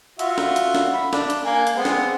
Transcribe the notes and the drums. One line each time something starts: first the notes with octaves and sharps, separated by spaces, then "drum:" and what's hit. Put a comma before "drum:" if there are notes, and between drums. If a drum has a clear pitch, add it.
F4 F#4 E5, drum: hi-hat
drum: snare
drum: hi-hat
drum: snare
B5
D4, drum: snare
drum: hi-hat
A#3 G#5
drum: hi-hat
G#3 B3 C4
drum: snare